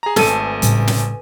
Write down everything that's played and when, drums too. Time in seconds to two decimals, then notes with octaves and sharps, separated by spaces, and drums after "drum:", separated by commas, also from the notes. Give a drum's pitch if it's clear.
0.03 G#4 A#5
0.16 G#1 A3 A4 B4 G#5 D#7, drum: snare
0.62 A2 C#3 G3, drum: hi-hat
0.87 drum: snare